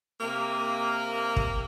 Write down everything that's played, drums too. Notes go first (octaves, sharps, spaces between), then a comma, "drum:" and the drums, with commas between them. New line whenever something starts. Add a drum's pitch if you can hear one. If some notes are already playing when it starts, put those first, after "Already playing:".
C3 A#3
drum: kick